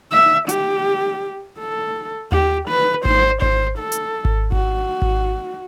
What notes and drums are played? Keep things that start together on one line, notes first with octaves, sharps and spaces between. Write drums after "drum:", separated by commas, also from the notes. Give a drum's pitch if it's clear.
E5
G4, drum: hi-hat
A4
G4, drum: tom D#2
B4
C5, drum: kick G#1
C5, drum: kick G#1
A4
drum: hi-hat
drum: kick G#1
F#4, drum: kick G#1
drum: kick G#1